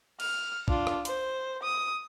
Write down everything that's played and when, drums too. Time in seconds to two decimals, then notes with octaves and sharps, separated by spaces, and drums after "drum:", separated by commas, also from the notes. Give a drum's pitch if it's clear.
0.20 F6, drum: cymbal
0.68 D4 F4, drum: kick
0.87 drum: rim click
1.05 C5, drum: hi-hat
1.63 D#6